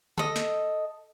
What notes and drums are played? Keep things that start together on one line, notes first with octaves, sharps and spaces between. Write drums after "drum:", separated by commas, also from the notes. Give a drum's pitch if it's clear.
A4 D#5, drum: tom D3
drum: snare